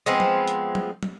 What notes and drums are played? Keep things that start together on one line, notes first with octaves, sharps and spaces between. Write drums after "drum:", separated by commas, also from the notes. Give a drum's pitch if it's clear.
F3 G#3 B3 C4
drum: tom
drum: hi-hat
drum: tom
drum: tom